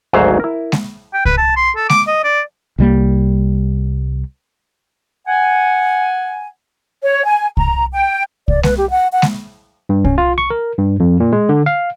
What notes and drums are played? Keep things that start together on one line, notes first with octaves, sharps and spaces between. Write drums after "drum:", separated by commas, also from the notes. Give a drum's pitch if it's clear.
G#1 D2 G#2 F#3 C5 F5
E4 A#4
drum: snare G#3
G5
B4, drum: kick C2
A5
C6
A4
D6, drum: snare G#3
D#5
D5
C2 G3 A#3
F#5 G#5
C#5
G#5
A#5, drum: kick C2
G5
D5, drum: kick C2
B4, drum: snare G#3
G4
F#5
F#5
drum: snare G#3
G2
C#4, drum: kick C2
F4
C#6
A#4
G2
F2
A#2
G#3
D3
F5